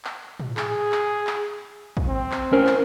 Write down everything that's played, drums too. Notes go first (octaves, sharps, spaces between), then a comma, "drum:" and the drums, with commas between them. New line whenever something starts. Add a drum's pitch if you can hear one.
drum: clap
drum: tom A2
G#4, drum: clap
drum: clap
drum: clap
drum: kick
C4
drum: clap
C#4 A#4 C5
drum: clap